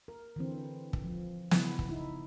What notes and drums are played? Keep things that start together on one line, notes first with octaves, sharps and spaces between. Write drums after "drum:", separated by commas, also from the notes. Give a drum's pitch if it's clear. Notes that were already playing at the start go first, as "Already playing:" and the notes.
A#4
D3 E3 C4
drum: kick
F3
C#3 B3 E4, drum: snare
drum: kick
D#4 E4